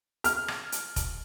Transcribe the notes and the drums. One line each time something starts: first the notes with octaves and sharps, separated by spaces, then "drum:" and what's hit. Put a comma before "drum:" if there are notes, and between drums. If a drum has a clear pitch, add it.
F6, drum: hi-hat
drum: rim click
drum: hi-hat
drum: kick F1, hi-hat